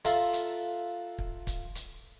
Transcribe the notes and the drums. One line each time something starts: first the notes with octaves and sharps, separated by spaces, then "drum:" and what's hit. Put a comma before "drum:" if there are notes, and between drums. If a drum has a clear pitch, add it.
F4 A4 E5 F#5 A#5 C6, drum: hi-hat
drum: hi-hat
drum: kick
drum: kick, hi-hat
drum: hi-hat